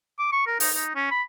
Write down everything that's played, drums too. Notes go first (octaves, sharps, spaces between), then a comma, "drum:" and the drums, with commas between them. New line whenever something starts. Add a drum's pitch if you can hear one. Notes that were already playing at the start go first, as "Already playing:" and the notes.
D6
C#6
A#4
D#4, drum: open hi-hat
D#4
C#4
B5